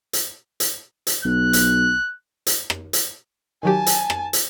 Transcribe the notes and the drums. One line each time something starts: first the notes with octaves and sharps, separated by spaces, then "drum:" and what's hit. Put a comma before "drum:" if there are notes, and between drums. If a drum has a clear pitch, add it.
drum: hi-hat
drum: hi-hat
drum: hi-hat
B1 F#6
drum: hi-hat
drum: hi-hat
drum: rim click
drum: hi-hat
D#3 F#3 G4 G#5 A5
drum: hi-hat
drum: rim click
drum: hi-hat